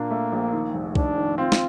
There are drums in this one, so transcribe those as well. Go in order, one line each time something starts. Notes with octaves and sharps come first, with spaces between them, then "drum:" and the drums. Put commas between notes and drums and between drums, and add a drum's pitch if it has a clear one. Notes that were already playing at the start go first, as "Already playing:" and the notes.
Already playing: A#2 A#3 D4
A3
A#1
D#3
F1
D#3 D4, drum: kick C2
D#3
C4 F4
drum: snare